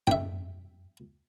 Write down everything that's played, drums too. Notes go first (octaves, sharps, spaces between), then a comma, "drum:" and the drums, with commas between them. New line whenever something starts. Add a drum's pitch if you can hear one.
E5 G5, drum: tom F#2